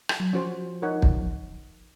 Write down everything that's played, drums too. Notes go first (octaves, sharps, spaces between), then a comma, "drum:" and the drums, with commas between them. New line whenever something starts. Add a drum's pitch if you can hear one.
drum: rim click
F#3
F3 C#4 F#4 C5
D#4 A#4 C#5 F#5
drum: kick